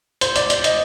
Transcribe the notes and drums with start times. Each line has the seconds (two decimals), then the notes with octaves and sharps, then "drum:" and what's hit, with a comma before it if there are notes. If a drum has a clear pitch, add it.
0.21 C5, drum: hi-hat
0.36 D5, drum: hi-hat
0.50 D5, drum: hi-hat
0.64 D#5, drum: hi-hat